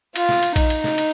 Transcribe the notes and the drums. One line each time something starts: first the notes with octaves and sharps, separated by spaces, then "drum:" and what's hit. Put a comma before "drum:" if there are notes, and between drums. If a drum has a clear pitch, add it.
F4, drum: cymbal
drum: snare
drum: cymbal
D#4, drum: kick A#1, cymbal
drum: cymbal
drum: snare
drum: cymbal